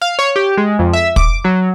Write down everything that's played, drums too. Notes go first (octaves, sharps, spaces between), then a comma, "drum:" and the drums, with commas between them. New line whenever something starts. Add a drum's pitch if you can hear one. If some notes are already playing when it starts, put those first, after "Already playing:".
F5
C#5
G4
G#3
F2
E5
D6, drum: kick
F#3